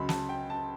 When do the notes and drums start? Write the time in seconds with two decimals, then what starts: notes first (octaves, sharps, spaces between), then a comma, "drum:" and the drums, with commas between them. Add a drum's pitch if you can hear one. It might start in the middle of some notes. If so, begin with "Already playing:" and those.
Already playing: C#2 C#3 F#3 B5
0.09 A5, drum: snare
0.29 G5
0.50 A5